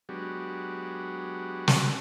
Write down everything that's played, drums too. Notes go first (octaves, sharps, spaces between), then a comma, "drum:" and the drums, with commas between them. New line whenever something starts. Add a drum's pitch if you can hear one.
F#3 G#3 B3 D4 F#4 G4
drum: snare